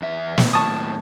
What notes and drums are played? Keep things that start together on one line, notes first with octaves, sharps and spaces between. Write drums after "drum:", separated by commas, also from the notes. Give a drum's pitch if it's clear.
E2 E5
D#2 A2, drum: snare
A5 C#6 D#6